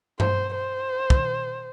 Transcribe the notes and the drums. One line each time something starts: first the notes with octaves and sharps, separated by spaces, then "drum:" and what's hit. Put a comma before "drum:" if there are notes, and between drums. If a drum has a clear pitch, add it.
C5, drum: tom G2
C5
drum: kick